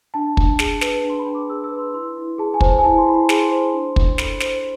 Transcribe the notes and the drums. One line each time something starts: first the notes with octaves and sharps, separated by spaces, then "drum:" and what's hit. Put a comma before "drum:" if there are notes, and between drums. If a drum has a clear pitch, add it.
D4 A5
D4, drum: kick
G#4, drum: snare
B4, drum: snare
D4
C6
B5
D4
D6
G#4 E6
E6
B4
C6
E4 C6
E4
G#4 A5
G#5
C5, drum: kick
A5
G#5
E4 A5
C6
E4 B5
C6
G#4 C6, drum: snare
C5
D4
D4, drum: kick
A4 B5, drum: snare
C5, drum: snare